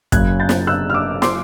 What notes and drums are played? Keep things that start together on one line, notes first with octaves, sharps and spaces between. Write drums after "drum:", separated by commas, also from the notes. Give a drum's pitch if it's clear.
F#1 F#2 C#3 F#6 G#6, drum: kick, hi-hat
G6 A6
drum: snare
E6 F#6
F6
D6 E6
C6 D6, drum: snare